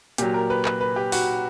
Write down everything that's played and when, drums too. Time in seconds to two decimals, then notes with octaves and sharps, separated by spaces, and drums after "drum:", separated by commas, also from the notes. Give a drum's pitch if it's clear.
0.18 A#2 F#3 G4, drum: hi-hat
0.34 A#4
0.50 B4
0.65 B4, drum: clap
0.81 B4
0.96 G4
1.12 F#4, drum: open hi-hat